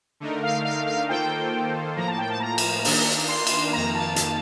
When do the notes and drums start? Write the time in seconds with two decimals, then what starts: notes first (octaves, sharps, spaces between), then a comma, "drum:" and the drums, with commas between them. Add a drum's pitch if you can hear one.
0.20 D3 A3 D#4 A#4
0.43 F5
0.65 F5
0.86 F5
1.09 D#3 A#3 F4 A4 C5 G5
1.96 A2 F3 A#3 A#5
2.07 A5
2.18 G5
2.30 A5
2.40 A#5
2.58 drum: cymbal
2.85 D#3 A#3 D4, drum: open hi-hat
3.29 C6
3.47 drum: cymbal
3.73 F2 D#3 A#3 A#5
3.95 A5
4.16 A5, drum: hi-hat